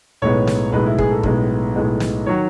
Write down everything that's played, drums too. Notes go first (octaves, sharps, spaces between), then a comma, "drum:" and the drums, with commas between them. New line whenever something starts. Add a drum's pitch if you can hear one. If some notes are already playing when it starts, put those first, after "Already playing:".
B1 A2 G#3 B3 C#5
drum: snare
B1 A2 G#3 B3 B4
E4
G#4, drum: kick
A4
B1 A2 G#3 B3, drum: kick
B1 A2 G#3 B3
drum: snare
D#3 F#3 C#5